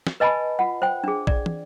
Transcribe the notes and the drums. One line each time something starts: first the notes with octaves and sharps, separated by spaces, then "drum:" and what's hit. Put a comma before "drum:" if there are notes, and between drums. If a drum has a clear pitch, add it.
drum: snare
B4 D#5 G#5 A5 B5
F4 F#5
C5 G5
D4 G#4
D5, drum: kick A1
drum: tom